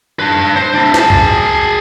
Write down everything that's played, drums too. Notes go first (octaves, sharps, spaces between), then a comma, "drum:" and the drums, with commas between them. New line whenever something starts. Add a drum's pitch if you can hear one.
D4 B4
C5
D4 E4
G#4 A5, drum: snare
drum: kick